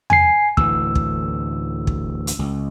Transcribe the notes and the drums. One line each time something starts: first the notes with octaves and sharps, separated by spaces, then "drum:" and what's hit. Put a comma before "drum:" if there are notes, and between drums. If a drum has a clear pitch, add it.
G#5 C7, drum: tom E2
D2 A2 E3 E6, drum: kick
drum: kick
drum: kick
drum: hi-hat
C#2